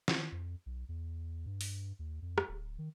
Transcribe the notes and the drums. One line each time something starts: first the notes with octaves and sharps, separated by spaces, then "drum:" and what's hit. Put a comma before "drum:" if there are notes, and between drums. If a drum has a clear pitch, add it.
D#3, drum: snare
F2
B1
E2
G2
drum: open hi-hat
D#2
F2
drum: rim click
D1
D#3